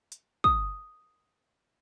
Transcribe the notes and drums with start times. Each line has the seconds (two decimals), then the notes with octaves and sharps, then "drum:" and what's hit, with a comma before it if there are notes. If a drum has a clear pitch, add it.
0.12 drum: hi-hat
0.44 D#6, drum: kick